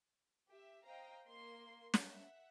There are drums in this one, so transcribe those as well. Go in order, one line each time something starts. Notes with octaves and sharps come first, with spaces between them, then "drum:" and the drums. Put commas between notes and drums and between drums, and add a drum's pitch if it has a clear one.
G4 E5
C5 D#5 F5 G5 A#5
A#3 C6
E5 F#5, drum: snare